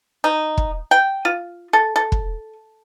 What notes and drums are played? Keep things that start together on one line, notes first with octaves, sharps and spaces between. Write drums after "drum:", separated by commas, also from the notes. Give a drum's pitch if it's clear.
D#4
drum: kick
G5
F4
A4
A4
drum: kick